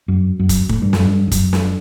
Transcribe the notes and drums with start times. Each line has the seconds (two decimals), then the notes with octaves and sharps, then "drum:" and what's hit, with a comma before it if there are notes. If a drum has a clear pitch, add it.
0.08 F#2
0.39 F#2
0.49 drum: kick, hi-hat
0.69 A2, drum: kick
0.82 G2
0.93 F#2, drum: snare
1.05 G2
1.27 E2
1.32 F#2, drum: kick, hi-hat
1.53 drum: snare